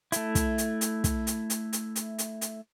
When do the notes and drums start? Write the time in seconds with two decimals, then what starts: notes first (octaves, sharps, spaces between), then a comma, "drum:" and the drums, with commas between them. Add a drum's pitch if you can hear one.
0.12 A3 E4, drum: hi-hat
0.35 drum: kick, hi-hat
0.58 drum: hi-hat
0.81 drum: hi-hat
1.04 drum: kick, hi-hat
1.27 drum: hi-hat
1.50 drum: hi-hat
1.73 drum: hi-hat
1.96 drum: hi-hat
2.19 drum: hi-hat
2.41 drum: hi-hat